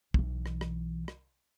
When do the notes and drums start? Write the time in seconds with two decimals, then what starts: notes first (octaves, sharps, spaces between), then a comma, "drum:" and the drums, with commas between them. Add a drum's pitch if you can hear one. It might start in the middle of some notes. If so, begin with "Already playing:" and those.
0.14 B1 E3, drum: kick
0.46 drum: rim click
0.61 drum: rim click
1.08 drum: rim click